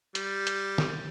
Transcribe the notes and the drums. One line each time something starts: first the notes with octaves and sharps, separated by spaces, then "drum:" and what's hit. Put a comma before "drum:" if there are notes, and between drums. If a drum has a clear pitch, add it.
G3, drum: hi-hat
drum: hi-hat
drum: snare